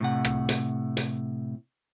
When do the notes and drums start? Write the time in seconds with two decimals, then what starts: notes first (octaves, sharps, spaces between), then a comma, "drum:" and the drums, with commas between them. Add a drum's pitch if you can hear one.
0.01 A2 C3 F#5
0.25 drum: rim click
0.49 drum: hi-hat
0.97 drum: hi-hat